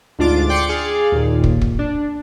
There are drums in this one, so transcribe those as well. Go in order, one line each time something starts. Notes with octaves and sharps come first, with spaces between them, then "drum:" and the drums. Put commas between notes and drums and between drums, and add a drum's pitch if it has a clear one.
D2 G#2 D4 F4 D6 A6
D5 G5 C6 D6 C#7
G#4 D5 F5
D#2 A#2
drum: kick
drum: kick
D4